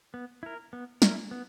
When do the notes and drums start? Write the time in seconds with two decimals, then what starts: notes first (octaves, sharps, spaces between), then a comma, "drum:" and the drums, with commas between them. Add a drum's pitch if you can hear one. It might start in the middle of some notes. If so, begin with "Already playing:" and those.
0.14 B3
0.43 E4 A#4
0.73 B3
1.02 E4 A#4, drum: snare
1.31 B3